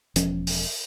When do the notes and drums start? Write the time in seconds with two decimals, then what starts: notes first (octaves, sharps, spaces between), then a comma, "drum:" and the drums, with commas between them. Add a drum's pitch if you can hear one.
0.16 E1 F3 C#4, drum: hi-hat
0.47 drum: open hi-hat